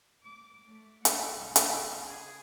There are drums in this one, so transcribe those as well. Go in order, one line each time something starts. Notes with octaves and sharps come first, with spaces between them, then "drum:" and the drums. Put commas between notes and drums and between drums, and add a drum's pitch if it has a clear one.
D6
A3
F#5, drum: hi-hat
C2
drum: hi-hat
C#3
G#4